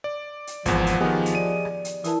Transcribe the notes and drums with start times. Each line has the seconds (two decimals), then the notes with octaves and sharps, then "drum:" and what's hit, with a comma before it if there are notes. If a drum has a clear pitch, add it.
0.04 D5
0.47 drum: hi-hat
0.66 G#1 E2 F3 C5 F#5, drum: kick, hi-hat
0.87 drum: hi-hat
1.01 D#3 B3 G4 G#4 D#5
1.26 drum: hi-hat
1.35 D5 D#7
1.65 drum: rim click
1.85 drum: hi-hat
2.04 E3 E4 A#4 A5 D#6, drum: hi-hat